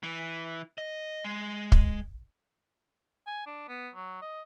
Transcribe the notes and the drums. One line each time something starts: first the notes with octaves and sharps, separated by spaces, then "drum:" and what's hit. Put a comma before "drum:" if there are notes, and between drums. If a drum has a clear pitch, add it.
E3
D#5
G#3
drum: kick
G#5
D4
B3
F#3
D#5